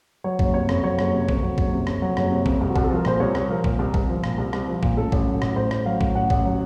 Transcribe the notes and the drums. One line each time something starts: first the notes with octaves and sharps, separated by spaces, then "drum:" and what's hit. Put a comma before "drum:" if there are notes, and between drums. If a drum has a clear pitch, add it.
F#3 C#5
F#1, drum: kick A#1
C3 C#5
F2, drum: rim click
F#3 C#5
F#1, drum: rim click
C3
F2, drum: kick A#1
F#3
F#1, drum: kick A#1
C3
F2, drum: rim click
F#3
F#1, drum: rim click
C3
F2, drum: kick A#1
C2
F#4
C2, drum: kick A#1
A4
F3 A#4
A#2 C5, drum: rim click
C2 C#5
C2, drum: rim click
F3 A#4
A#2, drum: kick A#1
C2
C2, drum: kick A#1
F3
A#2, drum: rim click
C2
C2, drum: rim click
F3
A#2, drum: kick A#1
A1 A4
A1, drum: kick A#1
F#3
A2, drum: rim click
A1 C5
A1, drum: rim click
F#3 F5
A2, drum: kick A#1
A1 F#5
A1, drum: kick A#1
F#3